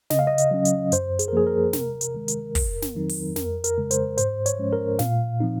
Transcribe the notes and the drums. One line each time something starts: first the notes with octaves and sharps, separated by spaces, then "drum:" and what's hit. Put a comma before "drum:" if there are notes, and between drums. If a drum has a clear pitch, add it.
C#3 D#5, drum: snare
F5
D#5
drum: hi-hat
F#3 C#4
drum: hi-hat
F#2 C5, drum: hi-hat
G#4, drum: hi-hat
A#4
F3 A#3 G#4
A#4
C3, drum: snare
drum: hi-hat
D#3 G#3
drum: hi-hat
F2, drum: kick, open hi-hat
drum: snare
D#3 F#3 C4 D#4
drum: open hi-hat
F2 A#4, drum: snare
A#4, drum: hi-hat
C#3 G#3
C5, drum: hi-hat
G#2 C5, drum: hi-hat
C#5, drum: hi-hat
F3 G#3 C#4
A#4
A#2 F5, drum: snare
F3 C4 D#4